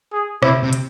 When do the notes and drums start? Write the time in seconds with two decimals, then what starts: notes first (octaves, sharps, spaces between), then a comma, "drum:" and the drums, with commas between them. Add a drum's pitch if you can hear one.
0.13 G#4
0.43 C3 E4, drum: rim click
0.63 C3
0.73 drum: hi-hat